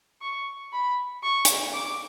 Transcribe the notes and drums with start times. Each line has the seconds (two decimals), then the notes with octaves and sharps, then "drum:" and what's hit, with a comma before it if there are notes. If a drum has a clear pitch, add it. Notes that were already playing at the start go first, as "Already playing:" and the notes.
0.22 C#6
0.72 B5
1.23 C#6
1.45 drum: hi-hat
1.74 D6